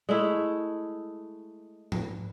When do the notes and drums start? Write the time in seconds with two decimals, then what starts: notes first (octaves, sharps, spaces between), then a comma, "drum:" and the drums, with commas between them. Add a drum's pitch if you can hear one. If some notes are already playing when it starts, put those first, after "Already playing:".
0.09 G#3 A3 E4
1.92 drum: tom G#2